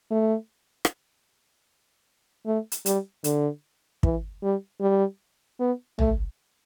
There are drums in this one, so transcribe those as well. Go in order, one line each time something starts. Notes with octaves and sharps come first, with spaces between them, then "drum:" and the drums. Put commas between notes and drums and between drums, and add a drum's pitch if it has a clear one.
A3
drum: rim click
A3
drum: hi-hat
G3, drum: hi-hat
D3, drum: hi-hat
E3, drum: kick
G3
G3
B3
A3, drum: tom